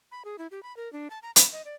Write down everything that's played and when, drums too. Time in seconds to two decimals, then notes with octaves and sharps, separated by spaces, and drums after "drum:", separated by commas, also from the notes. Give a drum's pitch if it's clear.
0.12 B5
0.25 G#4
0.39 E4
0.51 G4
0.63 B5
0.77 A#4
0.93 D4
1.10 A5
1.23 A#5
1.36 B5, drum: hi-hat
1.53 D#5
1.65 D5